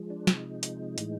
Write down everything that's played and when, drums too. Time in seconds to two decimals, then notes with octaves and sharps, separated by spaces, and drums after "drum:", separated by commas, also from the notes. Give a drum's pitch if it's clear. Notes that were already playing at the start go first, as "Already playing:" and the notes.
Already playing: F3 G#3
0.10 D4
0.27 C3 F3 G#3 D#4, drum: snare
0.63 drum: hi-hat
0.98 A2 E3 G#3, drum: hi-hat